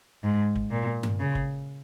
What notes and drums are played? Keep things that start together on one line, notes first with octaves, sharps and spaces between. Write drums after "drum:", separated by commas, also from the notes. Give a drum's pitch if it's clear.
G#2
drum: kick
A#2
drum: tom G2
C#3
drum: kick